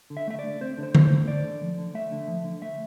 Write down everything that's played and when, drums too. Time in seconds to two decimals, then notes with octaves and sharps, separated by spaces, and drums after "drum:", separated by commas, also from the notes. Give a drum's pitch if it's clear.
0.10 D3
0.17 E5
0.27 A3 E5
0.39 D5
0.44 D3
0.61 C4 C5
0.78 D3
0.83 C5
0.95 A3, drum: tom D3
1.06 C5
1.11 D3
1.27 A3 D5
1.44 D3
1.62 F3
1.78 D3
1.94 A3 E5
2.12 D3
2.28 F3
2.45 D3
2.62 A3 E5